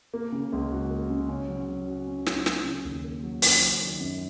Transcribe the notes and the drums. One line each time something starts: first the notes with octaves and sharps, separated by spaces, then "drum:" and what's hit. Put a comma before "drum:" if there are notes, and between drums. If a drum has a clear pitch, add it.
A#3
C#3
C#2
F#4
A#3
C#3
C#4
F#3
C#3
F#4
C#4
F#3, drum: snare
F#3, drum: snare
C#3
D#2
A#3
F#3
C#3, drum: open hi-hat
F#3
D#3
F#2